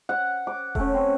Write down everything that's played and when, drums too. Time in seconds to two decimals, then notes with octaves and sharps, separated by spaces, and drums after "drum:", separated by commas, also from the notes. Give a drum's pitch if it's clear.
0.09 F#5
0.47 D6
0.75 A3 C#4, drum: kick E1
0.94 C4